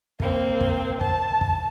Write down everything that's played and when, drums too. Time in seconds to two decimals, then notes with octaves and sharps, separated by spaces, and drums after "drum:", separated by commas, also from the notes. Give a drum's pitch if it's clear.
0.20 A#3 C4, drum: kick
0.61 drum: kick
1.01 A5, drum: kick
1.41 drum: kick